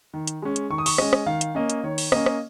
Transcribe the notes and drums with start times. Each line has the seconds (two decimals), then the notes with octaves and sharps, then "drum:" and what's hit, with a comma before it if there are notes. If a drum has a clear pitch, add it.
0.14 D#3
0.27 drum: hi-hat
0.42 G#3 C#4
0.56 drum: hi-hat
0.70 D#3 C#6
0.78 D#6
0.86 C#6, drum: open hi-hat
0.98 G#3 C#4 D#5, drum: rim click
1.13 drum: rim click
1.26 D#3 F5
1.41 drum: hi-hat
1.55 A#3 C#4 D#5
1.70 drum: hi-hat
1.83 D#3 C#5
1.98 drum: open hi-hat
2.12 A#3 C#4 D#5, drum: rim click
2.26 drum: rim click